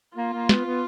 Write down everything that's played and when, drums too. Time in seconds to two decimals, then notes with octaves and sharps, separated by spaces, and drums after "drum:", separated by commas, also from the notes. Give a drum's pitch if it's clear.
0.16 A#3 F4
0.33 A#3
0.49 B3, drum: snare
0.65 B3